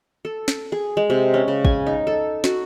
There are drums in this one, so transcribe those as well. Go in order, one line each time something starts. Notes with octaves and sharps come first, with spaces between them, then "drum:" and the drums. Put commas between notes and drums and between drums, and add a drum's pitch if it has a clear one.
A4
drum: snare
G#4
G#3
C3
C#4
C#3
G#5, drum: kick
D#4
A4
F#4, drum: snare